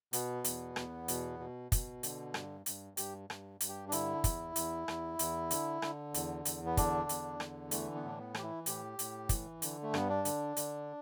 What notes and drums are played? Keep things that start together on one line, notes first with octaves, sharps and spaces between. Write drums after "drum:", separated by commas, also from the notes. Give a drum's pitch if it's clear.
B2 B3, drum: hi-hat
E2, drum: hi-hat
E2, drum: rim click
B2, drum: hi-hat
B2
B2, drum: kick, hi-hat
D3, drum: hi-hat
G2, drum: rim click
G2, drum: hi-hat
G2 G4, drum: hi-hat
G2, drum: rim click
G2, drum: hi-hat
G4
D4
D3 E4, drum: hi-hat
E2, drum: kick, hi-hat
E2, drum: hi-hat
E2, drum: rim click
E2, drum: hi-hat
D3, drum: hi-hat
D3, drum: rim click
E2, drum: hi-hat
E2, drum: hi-hat
B3
D3 D4, drum: kick, hi-hat
E2, drum: hi-hat
D3, drum: rim click
E3 A3, drum: hi-hat
B3
A2 D4
B3
E3 G4, drum: rim click
E4
A2 G4, drum: hi-hat
A2, drum: hi-hat
E3, drum: kick, hi-hat
D3, drum: hi-hat
A3
G2 B3, drum: rim click
D4
D3, drum: hi-hat
D3, drum: hi-hat